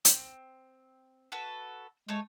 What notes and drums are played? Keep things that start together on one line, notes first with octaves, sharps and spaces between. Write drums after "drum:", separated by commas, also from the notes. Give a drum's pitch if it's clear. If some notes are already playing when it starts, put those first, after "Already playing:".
C4, drum: hi-hat
F#4 A4 B4
G#3 A3 A4 C#5